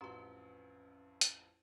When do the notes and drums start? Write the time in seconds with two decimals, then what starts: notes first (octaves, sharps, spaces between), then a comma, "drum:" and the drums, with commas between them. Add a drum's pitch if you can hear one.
0.01 A1 F2 C#4 F#4 G4 B4 A#5
1.21 drum: hi-hat